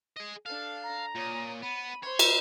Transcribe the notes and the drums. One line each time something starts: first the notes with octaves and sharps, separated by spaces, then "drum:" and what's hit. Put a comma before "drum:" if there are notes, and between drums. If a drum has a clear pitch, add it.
G#4 D#5
D4 A4 F5
A#5
A#2 C#5 D#6
B3 B5 D#7
C5 C#5 C6
drum: cymbal